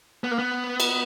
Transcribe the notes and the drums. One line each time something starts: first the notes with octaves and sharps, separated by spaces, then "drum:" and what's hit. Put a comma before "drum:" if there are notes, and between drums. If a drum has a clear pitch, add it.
B3
A#3
B3
drum: cymbal